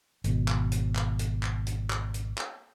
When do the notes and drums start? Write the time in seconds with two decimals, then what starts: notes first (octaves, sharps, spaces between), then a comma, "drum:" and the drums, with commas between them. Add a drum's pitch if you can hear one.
0.24 G#1 B2, drum: hi-hat
0.48 drum: clap
0.72 drum: hi-hat
0.95 drum: clap
1.19 drum: hi-hat
1.43 drum: clap
1.67 drum: hi-hat
1.90 drum: clap
2.14 drum: hi-hat
2.38 drum: clap